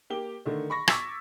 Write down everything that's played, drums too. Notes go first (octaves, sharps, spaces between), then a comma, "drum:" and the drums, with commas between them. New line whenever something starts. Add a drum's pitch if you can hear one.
A#3 G4 G7
D3 D#3 A3
B5 C#6 A#6
C#6 D6 E6 G#6 A6 B6, drum: rim click